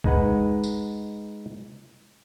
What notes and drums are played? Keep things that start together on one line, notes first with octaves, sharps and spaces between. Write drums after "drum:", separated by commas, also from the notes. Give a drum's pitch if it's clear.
G#3 D#4 B4 F#5, drum: kick
drum: tambourine